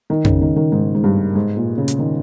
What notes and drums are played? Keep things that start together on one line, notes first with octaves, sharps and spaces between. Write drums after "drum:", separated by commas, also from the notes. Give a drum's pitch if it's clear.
D#3
C#3, drum: tom F2
D#3
D#3
G#2
G#2
G2
G#2
A#2
C#3
drum: hi-hat
D#3